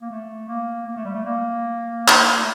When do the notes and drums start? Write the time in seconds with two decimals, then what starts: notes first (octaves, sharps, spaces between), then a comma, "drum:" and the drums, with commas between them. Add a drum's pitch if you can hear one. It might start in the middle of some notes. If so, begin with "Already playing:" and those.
0.01 A#3
0.11 A3
0.48 A#3
0.87 A#3
0.96 A3
1.05 G3
1.14 A3
1.25 A#3
2.08 drum: clap
2.39 A3